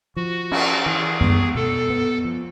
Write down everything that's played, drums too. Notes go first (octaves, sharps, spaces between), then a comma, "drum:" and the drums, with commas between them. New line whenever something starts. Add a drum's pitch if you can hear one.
F3 F#4
C#4, drum: cymbal
E3 G#4
B3, drum: tom F#2
B2 A4
B3
F3